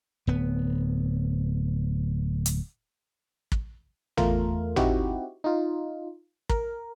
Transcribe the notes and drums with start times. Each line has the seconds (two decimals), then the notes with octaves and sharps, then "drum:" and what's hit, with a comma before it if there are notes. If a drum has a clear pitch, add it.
0.27 D1 B3
2.46 drum: hi-hat
3.52 drum: kick
4.17 E2 A3 F4 A#4, drum: tom
4.76 C4 D#4 E4 F#4 G4, drum: tom
5.44 D#4 F4
6.49 A#4, drum: kick